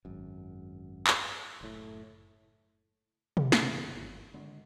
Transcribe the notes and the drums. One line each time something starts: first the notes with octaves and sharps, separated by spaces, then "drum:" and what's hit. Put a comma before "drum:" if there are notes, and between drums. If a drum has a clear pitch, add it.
G#1 F#2
drum: clap
F#1 A2
drum: tom B2
G1 E2 E3, drum: snare
G#1
G#1 D3